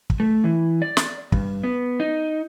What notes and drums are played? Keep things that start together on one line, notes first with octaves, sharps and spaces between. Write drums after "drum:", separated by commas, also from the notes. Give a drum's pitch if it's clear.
drum: kick
A3
E3
D5
drum: snare
G2, drum: kick
B3
D#4